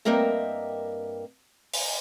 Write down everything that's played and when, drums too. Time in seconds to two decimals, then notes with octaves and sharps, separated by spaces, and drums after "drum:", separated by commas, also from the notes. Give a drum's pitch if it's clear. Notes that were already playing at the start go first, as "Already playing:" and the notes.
0.05 G2 A#3 C4 A#4 D#5 E5
1.74 drum: open hi-hat